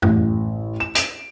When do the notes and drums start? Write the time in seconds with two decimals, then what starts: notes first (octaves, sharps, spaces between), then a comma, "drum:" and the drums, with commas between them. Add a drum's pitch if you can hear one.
0.02 A1, drum: tom F#2
0.80 E7
0.95 D7, drum: hi-hat